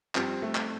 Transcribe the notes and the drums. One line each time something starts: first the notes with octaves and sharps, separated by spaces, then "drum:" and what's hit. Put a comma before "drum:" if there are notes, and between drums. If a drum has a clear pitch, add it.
G2 F3 C4, drum: clap
A3
drum: clap